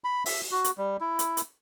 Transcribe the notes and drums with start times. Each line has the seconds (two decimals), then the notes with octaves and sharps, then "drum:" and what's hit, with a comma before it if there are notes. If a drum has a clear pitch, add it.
0.04 B5
0.26 E5, drum: open hi-hat
0.51 F#4
0.64 drum: hi-hat
0.78 G3
1.01 E4
1.19 drum: hi-hat
1.37 drum: hi-hat